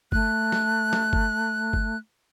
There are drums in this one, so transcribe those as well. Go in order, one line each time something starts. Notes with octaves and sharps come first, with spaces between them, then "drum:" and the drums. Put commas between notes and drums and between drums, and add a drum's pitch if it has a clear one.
A3 F#6, drum: kick G1
drum: snare
drum: snare
drum: kick G1
drum: kick G1